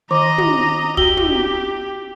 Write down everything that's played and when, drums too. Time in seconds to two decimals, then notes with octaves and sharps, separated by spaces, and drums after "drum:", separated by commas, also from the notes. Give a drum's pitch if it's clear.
0.11 D#3 D#5 A#5 D6
0.38 drum: tom
0.97 F#4 G4 G7, drum: kick
1.17 drum: tom